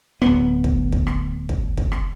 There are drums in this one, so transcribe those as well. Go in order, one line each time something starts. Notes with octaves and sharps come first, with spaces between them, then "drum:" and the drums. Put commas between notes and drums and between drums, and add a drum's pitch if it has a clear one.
D1 B3, drum: rim click
drum: kick
drum: kick
drum: rim click
drum: kick
drum: kick
drum: rim click